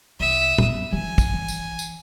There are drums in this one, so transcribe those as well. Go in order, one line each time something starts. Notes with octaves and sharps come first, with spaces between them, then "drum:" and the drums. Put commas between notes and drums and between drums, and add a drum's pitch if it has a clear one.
C2 E5 D#6
A1 E2, drum: tom
D#3 F3 G#5
drum: kick, tambourine
E3
drum: tambourine
drum: tambourine